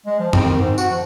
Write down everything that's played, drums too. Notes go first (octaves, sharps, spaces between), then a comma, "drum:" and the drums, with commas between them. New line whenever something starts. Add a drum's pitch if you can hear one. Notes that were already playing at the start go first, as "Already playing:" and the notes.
G#3
F3
C4, drum: tom F#2
D#3
G#2
F#4, drum: tambourine
F3